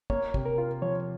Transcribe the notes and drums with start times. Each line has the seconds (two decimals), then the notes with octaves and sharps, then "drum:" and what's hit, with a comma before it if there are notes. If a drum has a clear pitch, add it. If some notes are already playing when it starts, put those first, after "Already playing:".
0.10 A#3 C#5, drum: kick
0.34 C3, drum: kick
0.46 A#4
0.58 F4
0.82 F3 C#5